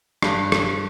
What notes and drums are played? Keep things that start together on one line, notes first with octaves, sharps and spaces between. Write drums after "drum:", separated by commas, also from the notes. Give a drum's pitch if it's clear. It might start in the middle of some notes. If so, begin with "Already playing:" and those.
G2, drum: rim click
drum: rim click